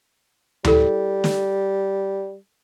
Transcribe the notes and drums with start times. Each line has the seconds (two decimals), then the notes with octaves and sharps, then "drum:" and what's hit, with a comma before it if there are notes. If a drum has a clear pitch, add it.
0.64 G3 E4 A4, drum: tom D2
1.24 drum: snare